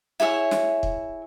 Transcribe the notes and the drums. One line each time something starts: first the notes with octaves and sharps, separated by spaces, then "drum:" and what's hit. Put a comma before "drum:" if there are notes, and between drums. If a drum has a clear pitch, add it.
E4 G#4 C#5 E5
drum: snare
drum: kick